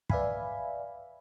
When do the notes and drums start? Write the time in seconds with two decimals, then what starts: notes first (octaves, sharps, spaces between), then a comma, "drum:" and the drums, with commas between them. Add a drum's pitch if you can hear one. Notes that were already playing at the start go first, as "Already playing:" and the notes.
0.10 B4 D5 E5 F5 G#5 B5, drum: kick